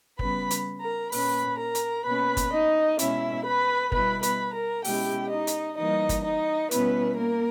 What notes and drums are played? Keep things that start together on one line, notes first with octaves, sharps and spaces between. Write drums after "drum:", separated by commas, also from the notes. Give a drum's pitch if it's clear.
C#3 G3 B3 B4 B5, drum: kick
drum: hi-hat
A#4 A#5
A#2 A#3 C#4 B4 B5, drum: open hi-hat
A#4 A#5
drum: hi-hat
B2 A#3 C#4 B4 B5
drum: kick, hi-hat
D#4 D#5
B2 G#3 C#4 E4 E5, drum: hi-hat
B4 B5
B2 G3 B3 E4 B4 B5, drum: kick
B4 B5, drum: hi-hat
A#4 A#5
B2 G#3 C#4 E4 G4 G5, drum: open hi-hat
D#4 D#5
drum: hi-hat
E3 G3 A#3 D#4 D#5
drum: kick, hi-hat
D#4 D#5
B2 G3 B3 C#4 E4 B4, drum: hi-hat
A#3 A#4